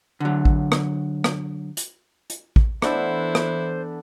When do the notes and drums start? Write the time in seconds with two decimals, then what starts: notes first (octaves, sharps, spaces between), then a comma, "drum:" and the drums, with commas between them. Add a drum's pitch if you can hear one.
0.20 D3 F#3
0.45 drum: kick A1
0.72 drum: rim click
1.24 drum: rim click
1.77 drum: hi-hat
2.30 drum: hi-hat
2.56 drum: kick A1
2.82 E3 B3 D4 E4 A4 C5, drum: rim click
3.35 drum: rim click